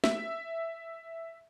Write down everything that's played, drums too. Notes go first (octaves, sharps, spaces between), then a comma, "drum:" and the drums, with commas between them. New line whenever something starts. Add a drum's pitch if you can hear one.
E5, drum: snare